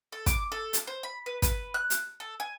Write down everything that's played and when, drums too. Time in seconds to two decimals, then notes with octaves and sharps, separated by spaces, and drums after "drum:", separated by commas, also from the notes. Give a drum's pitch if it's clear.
0.12 A4
0.26 D6, drum: kick, hi-hat
0.52 A4
0.73 drum: hi-hat
0.87 C5
1.03 B5
1.26 B4
1.42 B4, drum: kick, hi-hat
1.74 F#6
1.90 drum: hi-hat
2.20 A4
2.40 G#5